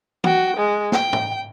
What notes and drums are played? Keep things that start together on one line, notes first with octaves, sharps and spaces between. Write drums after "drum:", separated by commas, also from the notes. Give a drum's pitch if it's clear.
F#4 G5, drum: tom
G#3
G5, drum: snare
drum: tom